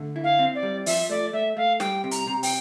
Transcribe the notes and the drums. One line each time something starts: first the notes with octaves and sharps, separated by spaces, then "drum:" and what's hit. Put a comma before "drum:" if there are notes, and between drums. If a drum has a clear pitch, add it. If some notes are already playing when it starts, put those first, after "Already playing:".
Already playing: D3 A3
E4
F5
C4
D5
G3
F3 E5, drum: open hi-hat
A3 D5
A3 E5
A3 F5
G3 G5, drum: snare
C3
A#5, drum: hi-hat
C3
G5, drum: open hi-hat